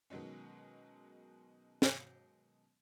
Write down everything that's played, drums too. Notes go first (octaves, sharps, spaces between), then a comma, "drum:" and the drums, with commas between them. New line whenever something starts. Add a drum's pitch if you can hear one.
B2 D#3 F#3 G#3 C#4
drum: snare